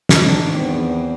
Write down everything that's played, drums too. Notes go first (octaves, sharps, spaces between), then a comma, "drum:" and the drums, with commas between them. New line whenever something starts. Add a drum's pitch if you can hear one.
drum: snare
G#2 D#3 D4
E2 C4